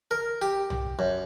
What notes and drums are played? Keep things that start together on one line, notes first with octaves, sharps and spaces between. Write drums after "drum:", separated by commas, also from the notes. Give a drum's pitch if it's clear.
A#4
G4
drum: tom
F#2